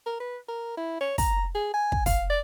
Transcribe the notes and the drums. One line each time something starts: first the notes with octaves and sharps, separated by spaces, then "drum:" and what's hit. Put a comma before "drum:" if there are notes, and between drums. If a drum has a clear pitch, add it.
A#4
B4
A#4
E4
C#5
A#5, drum: kick, open hi-hat
G#4
G#5
drum: kick
F5, drum: kick, open hi-hat
D5